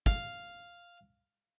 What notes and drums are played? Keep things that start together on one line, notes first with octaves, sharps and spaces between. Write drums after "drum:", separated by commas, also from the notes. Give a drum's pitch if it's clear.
F5, drum: kick